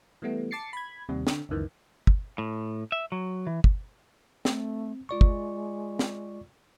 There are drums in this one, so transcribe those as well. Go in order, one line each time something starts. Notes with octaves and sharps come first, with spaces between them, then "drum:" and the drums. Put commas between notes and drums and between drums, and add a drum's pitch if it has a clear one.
E3 G3 A3 B3
A5 D6 A6 C7 C#7
B5 G#6
D#2 C3 G3
D3, drum: snare
C#2 F#2 D#3 E3
drum: kick
A2
E5
F#3
E3
drum: kick
A3 C4, drum: snare
G#3 F4 D5 C#6
drum: kick
drum: snare